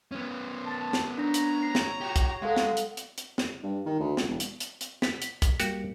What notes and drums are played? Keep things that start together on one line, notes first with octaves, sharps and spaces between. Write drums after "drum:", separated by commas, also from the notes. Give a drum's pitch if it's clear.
B3 C#4
A5
drum: snare
D4 C#5 A#5 A#6
drum: hi-hat
C7
drum: snare
F#4 G4
drum: kick, hi-hat
G#3 A4 F5 F#5
drum: snare
drum: hi-hat
drum: hi-hat
drum: hi-hat
drum: snare
G2
D#3
D2
C#2, drum: snare
E1
drum: hi-hat
drum: hi-hat
drum: hi-hat
B6, drum: snare
drum: hi-hat
drum: kick, hi-hat
G3 A#3 F#4 G4 F#5, drum: hi-hat